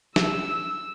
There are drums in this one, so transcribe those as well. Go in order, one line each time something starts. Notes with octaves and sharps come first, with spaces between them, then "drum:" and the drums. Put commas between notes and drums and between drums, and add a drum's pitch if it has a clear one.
E6, drum: snare